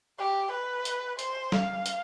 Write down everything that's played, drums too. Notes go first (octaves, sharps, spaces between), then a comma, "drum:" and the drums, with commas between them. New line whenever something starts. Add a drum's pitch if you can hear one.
G4
B4
drum: hi-hat
C5, drum: hi-hat
F5, drum: snare
drum: hi-hat